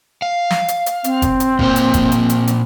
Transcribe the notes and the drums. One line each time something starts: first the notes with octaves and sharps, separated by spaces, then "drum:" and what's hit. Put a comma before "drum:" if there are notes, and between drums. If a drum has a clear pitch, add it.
F5
drum: snare
drum: hi-hat
drum: hi-hat
C4, drum: hi-hat
drum: kick F#1, hi-hat
drum: hi-hat
A#2 A#3 C5, drum: kick F#1
drum: hi-hat
drum: kick F#1, hi-hat
drum: hi-hat
drum: hi-hat
drum: hi-hat